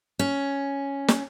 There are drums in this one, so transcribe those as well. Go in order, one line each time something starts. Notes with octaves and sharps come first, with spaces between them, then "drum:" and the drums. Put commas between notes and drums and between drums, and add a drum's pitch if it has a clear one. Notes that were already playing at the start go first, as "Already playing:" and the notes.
C#4
drum: snare